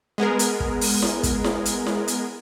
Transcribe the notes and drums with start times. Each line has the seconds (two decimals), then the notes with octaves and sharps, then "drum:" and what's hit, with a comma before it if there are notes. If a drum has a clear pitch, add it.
0.18 G#3 B3 G#4 A#4
0.39 drum: hi-hat
0.60 drum: kick
0.81 drum: open hi-hat
1.02 drum: snare E4
1.23 drum: kick, hi-hat
1.44 drum: snare E4
1.65 drum: hi-hat
1.87 drum: snare E4
2.08 drum: hi-hat